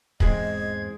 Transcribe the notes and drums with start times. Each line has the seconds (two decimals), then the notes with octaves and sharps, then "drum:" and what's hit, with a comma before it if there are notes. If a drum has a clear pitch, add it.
0.20 E2 G#2 G#3 C4 G#4 D#5 G#6, drum: kick